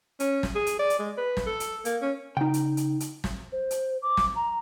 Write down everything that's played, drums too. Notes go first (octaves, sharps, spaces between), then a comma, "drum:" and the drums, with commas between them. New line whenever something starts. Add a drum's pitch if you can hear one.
C#4, drum: hi-hat
drum: snare
G#4
drum: hi-hat
D5
drum: hi-hat
G#3
B4
drum: snare
A4
drum: hi-hat
A#3, drum: hi-hat
C#4
C#3 D#4 G5
drum: hi-hat
drum: hi-hat
drum: hi-hat
drum: snare
C5
drum: hi-hat
D6
drum: snare
A#5